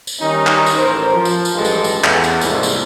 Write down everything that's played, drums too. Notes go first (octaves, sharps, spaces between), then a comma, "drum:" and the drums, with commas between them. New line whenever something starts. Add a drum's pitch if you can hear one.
drum: tambourine
D#3 G3 C#4 D#4
drum: clap
drum: tambourine
A1 A#4 C5
F3
drum: tambourine
drum: tambourine
A1 G2 G#3 F4 A4
drum: tambourine
drum: tambourine
E2, drum: clap
drum: tambourine
C2 G#2 F3 A3 A#3, drum: tambourine
drum: tambourine